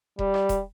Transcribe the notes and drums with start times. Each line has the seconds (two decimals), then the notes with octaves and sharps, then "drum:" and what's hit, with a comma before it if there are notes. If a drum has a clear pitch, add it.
0.19 G3, drum: kick E1
0.34 drum: rim click
0.49 drum: kick E1, hi-hat